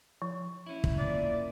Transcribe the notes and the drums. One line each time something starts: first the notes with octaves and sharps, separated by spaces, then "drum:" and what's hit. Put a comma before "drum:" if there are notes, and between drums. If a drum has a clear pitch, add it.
F3
C#4 E4
drum: kick
A#2 D5